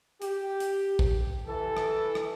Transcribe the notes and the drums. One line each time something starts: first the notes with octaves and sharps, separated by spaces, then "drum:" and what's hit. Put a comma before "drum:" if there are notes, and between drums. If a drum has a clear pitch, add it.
G4, drum: hi-hat
drum: hi-hat
drum: kick A1
E3 A4
drum: rim click
drum: rim click